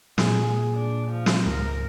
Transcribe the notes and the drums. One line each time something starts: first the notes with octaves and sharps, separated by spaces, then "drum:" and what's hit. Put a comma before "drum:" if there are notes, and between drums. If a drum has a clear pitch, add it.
A#2 G#4, drum: snare
D4
F3
drum: snare
C#2 G#2 A#4